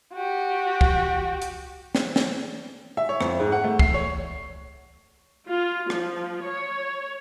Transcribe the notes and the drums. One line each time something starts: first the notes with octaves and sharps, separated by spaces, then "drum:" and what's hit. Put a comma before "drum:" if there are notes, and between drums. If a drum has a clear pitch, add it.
F#4 G4
drum: kick
drum: hi-hat
drum: snare
drum: snare
E5
C#5
F2, drum: rim click
G#2
F#5
A3
C7, drum: kick
C#5
F4
F3, drum: rim click
C#5